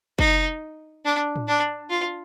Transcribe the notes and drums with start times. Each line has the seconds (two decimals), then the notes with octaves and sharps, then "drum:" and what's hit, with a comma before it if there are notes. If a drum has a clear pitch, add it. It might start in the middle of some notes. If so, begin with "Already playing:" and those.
0.19 D#4, drum: kick
1.05 D4
1.36 drum: tom A2
1.48 D4
1.90 F4